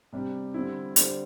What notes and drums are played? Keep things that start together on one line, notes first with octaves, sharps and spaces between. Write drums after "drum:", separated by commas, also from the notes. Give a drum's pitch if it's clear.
C3 G3 D4 G4
D3 G3 C4 E4
D3 G3 D4 A4 C5, drum: hi-hat